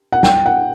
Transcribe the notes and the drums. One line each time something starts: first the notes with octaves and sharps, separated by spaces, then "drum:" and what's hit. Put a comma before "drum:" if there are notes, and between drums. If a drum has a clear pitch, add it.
F#5
G5, drum: snare
F#5